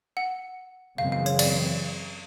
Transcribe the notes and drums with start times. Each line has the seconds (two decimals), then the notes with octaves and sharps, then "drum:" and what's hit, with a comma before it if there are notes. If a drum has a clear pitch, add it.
0.17 F#5
0.98 F#2 C#3 E3 G#3 C4 F5
1.12 F5
1.26 C#5, drum: tambourine
1.39 D5, drum: cymbal